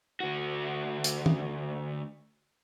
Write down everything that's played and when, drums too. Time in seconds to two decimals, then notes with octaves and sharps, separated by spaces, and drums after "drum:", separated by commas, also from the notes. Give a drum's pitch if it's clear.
0.20 D2 F#4
1.04 drum: hi-hat
1.26 drum: tom